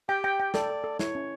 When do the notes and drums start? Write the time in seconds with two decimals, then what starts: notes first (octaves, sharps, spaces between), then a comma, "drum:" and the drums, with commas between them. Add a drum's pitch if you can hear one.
0.09 G4 G5
0.24 G5
0.40 G5
0.54 A4 D5, drum: snare
0.70 A4
0.84 A4
0.99 E4 C#5, drum: snare
1.15 C#4